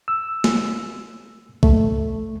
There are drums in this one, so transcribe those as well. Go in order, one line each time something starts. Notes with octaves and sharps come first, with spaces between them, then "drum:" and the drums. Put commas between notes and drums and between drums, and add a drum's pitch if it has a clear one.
E6
drum: snare
A3, drum: kick